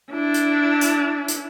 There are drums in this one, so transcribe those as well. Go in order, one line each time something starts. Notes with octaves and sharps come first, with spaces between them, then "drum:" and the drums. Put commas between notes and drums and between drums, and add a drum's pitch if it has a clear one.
D4 E4
drum: hi-hat
drum: hi-hat
drum: hi-hat